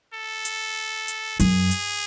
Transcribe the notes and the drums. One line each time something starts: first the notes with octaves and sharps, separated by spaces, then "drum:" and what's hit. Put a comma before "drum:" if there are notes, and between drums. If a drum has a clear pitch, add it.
A4
drum: hi-hat
drum: hi-hat
F#2 G#4, drum: hi-hat
drum: hi-hat